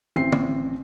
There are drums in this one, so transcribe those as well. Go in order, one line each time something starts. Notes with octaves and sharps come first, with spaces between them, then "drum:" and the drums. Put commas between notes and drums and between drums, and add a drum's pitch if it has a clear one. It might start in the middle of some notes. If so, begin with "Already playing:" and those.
A1 C4 C7
drum: tom